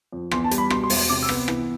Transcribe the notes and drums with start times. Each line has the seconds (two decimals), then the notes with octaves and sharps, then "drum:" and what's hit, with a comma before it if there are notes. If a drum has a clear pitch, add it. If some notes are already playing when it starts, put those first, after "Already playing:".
0.13 F2
0.31 E2 C6, drum: rim click
0.44 A5
0.51 G3, drum: hi-hat
0.58 B5
0.70 B2 C6, drum: rim click
0.84 C6
0.90 E1, drum: open hi-hat
0.97 C6
1.10 C3 D6
1.23 E6
1.29 B3, drum: rim click
1.48 E3, drum: rim click